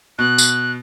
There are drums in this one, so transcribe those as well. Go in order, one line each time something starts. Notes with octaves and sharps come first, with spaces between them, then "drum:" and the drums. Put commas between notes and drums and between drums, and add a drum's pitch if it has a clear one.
B2 F#6
drum: tambourine